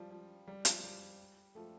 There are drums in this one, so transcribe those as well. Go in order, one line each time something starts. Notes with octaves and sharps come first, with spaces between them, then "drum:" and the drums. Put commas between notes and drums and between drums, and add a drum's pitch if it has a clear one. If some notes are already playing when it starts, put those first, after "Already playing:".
Already playing: F3 G3
F3
G3
F3, drum: hi-hat
G3
F3 A3